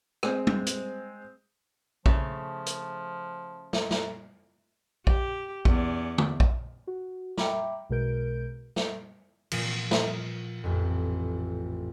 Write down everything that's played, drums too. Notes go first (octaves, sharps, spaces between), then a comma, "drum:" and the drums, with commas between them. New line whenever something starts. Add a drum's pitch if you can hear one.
G#3 C4, drum: rim click
drum: tom G3
drum: hi-hat
C#3 F3 A3, drum: kick
drum: hi-hat
drum: snare
drum: snare
G4, drum: kick
E2 C#4 D5, drum: kick
drum: tom
drum: kick
F#4
E5 G5 A#5 B5 D6, drum: snare
B1 B2 G#3 A#4 G6 D7
drum: snare
A#2 F3, drum: cymbal
drum: snare
A1 F2